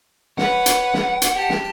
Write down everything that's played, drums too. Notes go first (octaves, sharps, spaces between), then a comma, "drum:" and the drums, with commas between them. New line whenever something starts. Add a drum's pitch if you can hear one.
B4 C#5 F#5, drum: snare
drum: hi-hat
drum: snare
drum: hi-hat
G4 A5
drum: snare